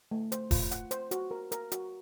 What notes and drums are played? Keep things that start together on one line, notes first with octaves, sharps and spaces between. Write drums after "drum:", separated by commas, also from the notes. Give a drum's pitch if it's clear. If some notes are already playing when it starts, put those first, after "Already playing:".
A3
C5, drum: hi-hat
F4, drum: kick E1, open hi-hat
F#5, drum: hi-hat
C5, drum: hi-hat
F#4, drum: hi-hat
A#4
A#4, drum: hi-hat
F#4, drum: hi-hat